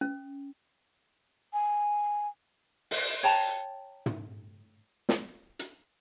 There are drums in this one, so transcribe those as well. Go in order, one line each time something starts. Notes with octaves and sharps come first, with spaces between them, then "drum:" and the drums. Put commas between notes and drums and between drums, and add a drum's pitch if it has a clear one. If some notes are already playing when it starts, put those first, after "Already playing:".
C#4
G#5
drum: open hi-hat
C#5 G5 A5 A#5
drum: tom
drum: snare
drum: hi-hat